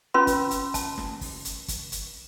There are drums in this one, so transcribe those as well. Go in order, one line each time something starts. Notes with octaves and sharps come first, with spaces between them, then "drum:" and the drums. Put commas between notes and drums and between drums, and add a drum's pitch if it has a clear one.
C#4 F4 B4 C6
drum: kick, hi-hat
drum: hi-hat
A5, drum: kick, hi-hat
drum: snare
drum: kick, open hi-hat
drum: hi-hat
drum: kick, hi-hat
drum: hi-hat